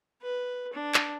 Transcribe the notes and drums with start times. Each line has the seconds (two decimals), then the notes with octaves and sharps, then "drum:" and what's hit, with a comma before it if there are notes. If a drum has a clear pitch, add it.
0.22 B4
0.73 D4
0.94 drum: clap